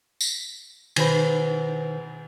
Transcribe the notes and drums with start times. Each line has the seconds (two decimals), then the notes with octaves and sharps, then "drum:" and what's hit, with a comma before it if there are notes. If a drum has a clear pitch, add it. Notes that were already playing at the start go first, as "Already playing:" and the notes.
0.21 drum: tambourine
0.96 B2 D#3 B4 C5 B5, drum: cymbal